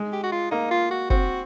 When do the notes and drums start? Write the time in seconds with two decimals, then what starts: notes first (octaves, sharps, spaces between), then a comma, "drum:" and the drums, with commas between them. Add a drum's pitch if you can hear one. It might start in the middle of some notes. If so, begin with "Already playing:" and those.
Already playing: G#3
0.12 G4
0.23 F#4
0.32 F4
0.51 A#3 D#4
0.71 F4
0.90 F#4
1.10 C4 F#4, drum: kick